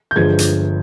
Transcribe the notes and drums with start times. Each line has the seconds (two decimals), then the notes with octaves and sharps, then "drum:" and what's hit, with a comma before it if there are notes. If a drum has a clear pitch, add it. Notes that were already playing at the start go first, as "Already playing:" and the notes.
0.11 G6
0.16 G1 G2 F3 G#3 G#6
0.38 drum: hi-hat